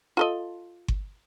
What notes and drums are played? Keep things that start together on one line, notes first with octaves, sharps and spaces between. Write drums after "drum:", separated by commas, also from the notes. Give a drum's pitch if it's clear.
F4 A4 D#5
drum: kick G1